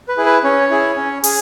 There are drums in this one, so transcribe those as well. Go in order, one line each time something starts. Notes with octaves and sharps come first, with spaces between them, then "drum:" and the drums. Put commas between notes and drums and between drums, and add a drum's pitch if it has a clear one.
B4
E4 G#4
B4
C#4 C#5
E4 G#4
C#4
G#4, drum: open hi-hat